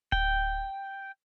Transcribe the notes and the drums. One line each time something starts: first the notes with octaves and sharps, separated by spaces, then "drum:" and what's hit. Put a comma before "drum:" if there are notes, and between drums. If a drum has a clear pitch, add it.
G5, drum: kick D1